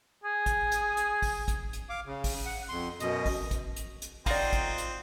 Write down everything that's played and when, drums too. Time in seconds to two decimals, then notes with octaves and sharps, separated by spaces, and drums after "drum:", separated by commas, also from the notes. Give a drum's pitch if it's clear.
0.24 G#4
0.46 drum: kick, hi-hat
0.72 drum: hi-hat
0.97 drum: hi-hat
1.22 drum: kick, open hi-hat
1.48 drum: kick, hi-hat
1.73 drum: hi-hat
1.89 F5 D6
2.06 C#3
2.24 drum: kick, open hi-hat
2.46 F#5
2.69 F2 C6
3.00 F#2 B2 D#5, drum: hi-hat
3.26 drum: kick, open hi-hat
3.51 drum: kick, hi-hat
3.76 drum: hi-hat
4.02 drum: hi-hat
4.26 C4 D#4 F4 F#4 A4 D5 G5 A#5, drum: kick, open hi-hat
4.53 drum: kick, hi-hat
4.78 drum: hi-hat